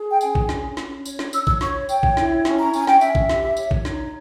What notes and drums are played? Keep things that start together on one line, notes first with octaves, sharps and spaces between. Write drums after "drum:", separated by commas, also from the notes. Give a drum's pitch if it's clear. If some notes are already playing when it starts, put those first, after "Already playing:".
Already playing: G#4
G5
C#4 G#5, drum: tambourine
drum: kick A1
C#4, drum: snare
C#4, drum: snare
C#5, drum: tambourine
drum: snare
C#5 E6, drum: tambourine
E6, drum: kick A1
C#5 C#6, drum: snare
C#5 G5, drum: tambourine
drum: kick A1
E4, drum: snare
C#4, drum: snare
A#5
C#4 G#5, drum: tambourine
G5, drum: snare
C#4 E5, drum: tambourine
drum: kick A1
G4, drum: snare
C#5, drum: tambourine
drum: kick A1
D#4, drum: snare